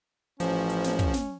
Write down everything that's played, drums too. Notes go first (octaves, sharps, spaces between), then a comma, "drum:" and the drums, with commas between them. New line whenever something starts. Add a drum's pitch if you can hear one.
A1 F3 C#4, drum: hi-hat
drum: hi-hat
drum: snare
drum: kick, hi-hat
drum: snare